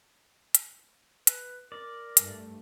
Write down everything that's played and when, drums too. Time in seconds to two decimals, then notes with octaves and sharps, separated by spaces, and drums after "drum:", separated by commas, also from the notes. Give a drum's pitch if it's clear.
0.55 drum: hi-hat
1.27 B4, drum: hi-hat
1.72 A#4 D5
2.17 G2 A3, drum: hi-hat